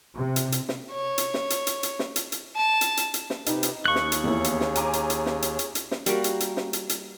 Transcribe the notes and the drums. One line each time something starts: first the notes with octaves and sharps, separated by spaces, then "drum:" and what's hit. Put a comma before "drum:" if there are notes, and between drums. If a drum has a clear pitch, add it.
C3
drum: hi-hat
drum: hi-hat
drum: snare
C#5
drum: hi-hat
drum: snare
drum: hi-hat
drum: hi-hat
drum: hi-hat
drum: snare
drum: hi-hat
drum: hi-hat
A5
drum: hi-hat
drum: hi-hat
drum: hi-hat
drum: snare
C3 D#4 G4 B4, drum: hi-hat
drum: hi-hat
D#2 A#3 C#6 F#6
drum: snare
drum: hi-hat
E2 A#3 E4 G#4 C#5
drum: hi-hat
drum: snare
G#5 A#5 D6, drum: hi-hat
drum: hi-hat
drum: hi-hat
drum: snare
drum: hi-hat
drum: hi-hat
drum: hi-hat
drum: snare
G3 A#3 F#4 A#4, drum: hi-hat
drum: hi-hat
drum: hi-hat
drum: snare
drum: hi-hat
drum: hi-hat